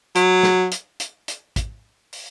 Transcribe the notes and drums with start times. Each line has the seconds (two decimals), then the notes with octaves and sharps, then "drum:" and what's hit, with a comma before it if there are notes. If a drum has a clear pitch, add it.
0.15 F#3, drum: hi-hat
0.43 drum: snare
0.71 drum: hi-hat
1.00 drum: hi-hat
1.28 drum: hi-hat
1.56 drum: kick, hi-hat
2.13 drum: open hi-hat